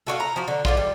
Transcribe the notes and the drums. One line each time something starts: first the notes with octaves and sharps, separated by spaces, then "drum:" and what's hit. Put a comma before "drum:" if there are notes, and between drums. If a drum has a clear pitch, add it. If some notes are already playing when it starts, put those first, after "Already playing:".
A3 F#4 C#5 F5
A#5
F3 F#4
D3
D3 D4 F4, drum: kick
G3